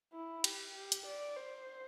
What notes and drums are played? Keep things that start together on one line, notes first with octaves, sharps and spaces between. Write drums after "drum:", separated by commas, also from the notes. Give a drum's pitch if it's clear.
E4
G4, drum: cymbal
G4
drum: hi-hat
D5
C5